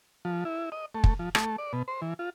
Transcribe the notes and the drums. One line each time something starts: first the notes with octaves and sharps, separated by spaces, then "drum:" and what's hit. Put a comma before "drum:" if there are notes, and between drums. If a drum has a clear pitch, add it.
F3
E4
D#5
A3
drum: kick
F3
A3, drum: rim click
D5
B2
C5
E3
F4